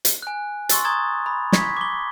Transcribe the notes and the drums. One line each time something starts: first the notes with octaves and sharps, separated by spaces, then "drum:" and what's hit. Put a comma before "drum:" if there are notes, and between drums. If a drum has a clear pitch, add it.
drum: hi-hat
G#5 F#6
C6 C#6 E6 A6, drum: hi-hat
A#5 C#6 D#6 G#6 A6
B5
C#6 G#6 B6, drum: snare
D6 G7